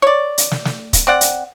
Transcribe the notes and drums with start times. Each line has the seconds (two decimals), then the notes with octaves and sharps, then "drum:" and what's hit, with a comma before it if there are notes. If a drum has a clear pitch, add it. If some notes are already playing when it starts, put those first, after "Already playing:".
0.02 C#5 D5
0.38 drum: hi-hat
0.51 drum: snare
0.65 drum: snare
0.93 drum: kick, hi-hat
1.07 C4 D5 F#5
1.21 drum: hi-hat